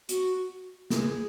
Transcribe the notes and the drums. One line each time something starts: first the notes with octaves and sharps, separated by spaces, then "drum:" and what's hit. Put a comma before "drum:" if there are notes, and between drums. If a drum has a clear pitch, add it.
F#4, drum: hi-hat
G#4, drum: snare